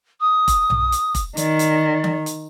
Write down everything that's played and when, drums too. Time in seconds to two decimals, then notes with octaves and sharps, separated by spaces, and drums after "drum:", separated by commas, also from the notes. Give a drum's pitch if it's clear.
0.20 D#6
0.48 drum: kick F1, hi-hat
0.70 drum: tom B1
0.92 drum: hi-hat
1.15 drum: kick F1, hi-hat
1.37 D#3 D5, drum: hi-hat
1.59 drum: hi-hat
2.04 drum: tom D#3
2.26 drum: hi-hat